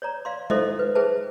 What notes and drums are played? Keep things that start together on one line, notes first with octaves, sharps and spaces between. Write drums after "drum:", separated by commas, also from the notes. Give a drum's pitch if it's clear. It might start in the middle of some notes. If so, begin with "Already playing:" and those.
C#5 D5 A#5
D5 F5 C6
D#4 A4 C5 D#5 E5, drum: tom G#3
B4
G#4 B4 C5 E5 G5 A5